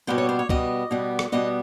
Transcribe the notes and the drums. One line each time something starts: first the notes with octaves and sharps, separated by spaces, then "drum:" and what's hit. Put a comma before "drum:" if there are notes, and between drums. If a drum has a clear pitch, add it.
B2 G3 B3 C5
C#5
C5
C#5
B2 G3 B3 D#5, drum: kick
B2 G3 B3
drum: rim click
B2 G3 B3 D#5